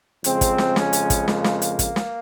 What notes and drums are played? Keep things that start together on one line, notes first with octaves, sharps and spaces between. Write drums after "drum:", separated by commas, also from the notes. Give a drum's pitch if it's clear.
F2 C#3 G#3 C4, drum: hi-hat
drum: kick, hi-hat
drum: snare
C#4, drum: snare
drum: hi-hat
drum: kick, hi-hat
A#3, drum: snare
drum: snare
drum: hi-hat
drum: kick, hi-hat
drum: snare